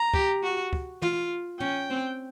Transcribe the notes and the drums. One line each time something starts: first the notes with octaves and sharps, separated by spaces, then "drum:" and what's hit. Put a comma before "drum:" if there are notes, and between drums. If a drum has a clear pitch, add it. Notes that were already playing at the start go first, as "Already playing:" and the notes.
Already playing: A#5
G4, drum: kick
F#4
drum: kick
F4, drum: tom
C#4 G5, drum: tom
C4